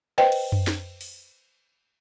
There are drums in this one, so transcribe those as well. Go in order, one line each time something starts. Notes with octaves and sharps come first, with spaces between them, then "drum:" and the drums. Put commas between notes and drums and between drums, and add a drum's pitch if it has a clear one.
B4 C5 D#5 G5
drum: cymbal
drum: tom F#2
drum: snare
drum: open hi-hat